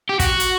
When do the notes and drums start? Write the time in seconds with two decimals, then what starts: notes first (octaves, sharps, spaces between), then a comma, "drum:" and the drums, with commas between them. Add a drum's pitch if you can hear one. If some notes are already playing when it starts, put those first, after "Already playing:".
0.09 G4
0.19 F#4, drum: kick, hi-hat
0.40 drum: hi-hat